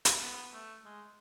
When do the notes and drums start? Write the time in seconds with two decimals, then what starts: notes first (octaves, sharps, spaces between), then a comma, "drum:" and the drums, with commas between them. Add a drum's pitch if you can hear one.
0.05 drum: hi-hat
0.21 B3
0.53 A3
0.85 G#3